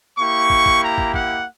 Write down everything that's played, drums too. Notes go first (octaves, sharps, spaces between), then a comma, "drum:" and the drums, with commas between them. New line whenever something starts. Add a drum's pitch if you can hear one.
A#3 E4 G4 C#6
drum: kick
drum: kick
A#5
drum: kick
F#5, drum: kick